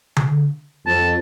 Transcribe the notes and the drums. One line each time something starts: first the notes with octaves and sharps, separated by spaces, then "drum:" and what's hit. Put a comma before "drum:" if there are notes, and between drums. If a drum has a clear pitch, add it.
drum: tom D3
F2 A5